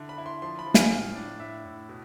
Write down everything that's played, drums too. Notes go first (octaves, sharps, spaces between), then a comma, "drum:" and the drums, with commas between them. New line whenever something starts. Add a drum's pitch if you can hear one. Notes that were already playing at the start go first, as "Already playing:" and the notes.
Already playing: D3 E4
B5
E4
C6
F3 C6
B5
F3
G#5, drum: snare
A2 F5
D4
A2 E5
A2
B2